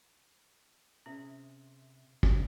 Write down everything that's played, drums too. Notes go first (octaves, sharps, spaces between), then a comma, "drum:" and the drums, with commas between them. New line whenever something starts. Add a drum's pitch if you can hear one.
C3 C#4 G#4 E5
drum: kick